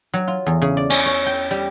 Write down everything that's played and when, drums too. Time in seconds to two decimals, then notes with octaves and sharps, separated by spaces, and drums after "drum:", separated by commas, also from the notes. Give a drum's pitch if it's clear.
0.13 F#3
0.28 F4
0.46 E2
0.62 C#3
0.77 D5
0.90 C#4, drum: cymbal
1.06 C#5
1.26 G5
1.51 G3